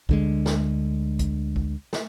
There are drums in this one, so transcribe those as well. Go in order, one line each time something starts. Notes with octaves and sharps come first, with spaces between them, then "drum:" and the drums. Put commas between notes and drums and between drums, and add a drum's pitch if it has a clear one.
D2 D3 G#3, drum: kick A#1
drum: snare
drum: kick A#1, hi-hat
drum: kick A#1
drum: snare